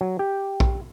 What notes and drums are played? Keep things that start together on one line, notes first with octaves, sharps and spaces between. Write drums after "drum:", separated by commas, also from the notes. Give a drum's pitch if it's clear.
F#3
G4
drum: kick